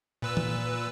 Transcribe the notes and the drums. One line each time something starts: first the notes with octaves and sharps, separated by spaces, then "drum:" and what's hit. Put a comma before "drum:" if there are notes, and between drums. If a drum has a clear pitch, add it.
A#2 B4 E6
drum: tom E3